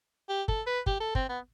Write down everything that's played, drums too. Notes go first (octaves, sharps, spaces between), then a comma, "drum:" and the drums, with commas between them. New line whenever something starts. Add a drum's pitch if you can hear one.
G4
A4, drum: kick
B4
G4, drum: kick
A4
C4, drum: kick
B3